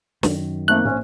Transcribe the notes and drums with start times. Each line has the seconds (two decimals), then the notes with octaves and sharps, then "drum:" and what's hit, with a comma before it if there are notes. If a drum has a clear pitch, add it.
0.23 F#2 D#3, drum: snare
0.68 A3 A#3 C4 D#4 F#6
0.85 A#1 C#4 C5